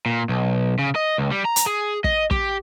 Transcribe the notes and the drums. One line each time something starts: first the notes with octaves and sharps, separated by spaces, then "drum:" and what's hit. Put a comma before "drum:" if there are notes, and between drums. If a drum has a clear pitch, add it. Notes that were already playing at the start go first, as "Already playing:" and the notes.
A#2
B1
C#3
D#5
C#2
G3
A#5
drum: hi-hat
G#4
D#5, drum: kick
G4, drum: kick